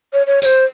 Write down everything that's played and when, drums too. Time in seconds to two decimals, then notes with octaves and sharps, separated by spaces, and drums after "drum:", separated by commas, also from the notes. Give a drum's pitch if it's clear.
0.13 C#5
0.27 C#5
0.42 C#5, drum: tambourine
0.45 C5